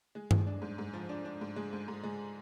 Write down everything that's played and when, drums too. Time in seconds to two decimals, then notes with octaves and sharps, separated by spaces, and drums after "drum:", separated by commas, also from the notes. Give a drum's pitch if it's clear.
0.15 G#3
0.31 G#3, drum: tom G2
0.47 D4
0.62 G#2
0.78 G#2
0.93 F3
1.09 D4
1.25 D4
1.41 G#2
1.56 G#3
1.73 G#2
1.88 G#2
2.03 G#3